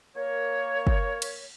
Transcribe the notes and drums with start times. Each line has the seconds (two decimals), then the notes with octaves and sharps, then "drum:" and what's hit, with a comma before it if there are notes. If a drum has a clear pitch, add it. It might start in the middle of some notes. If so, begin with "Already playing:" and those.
0.16 A#3 A#4 C#5
0.87 drum: kick
1.22 drum: cymbal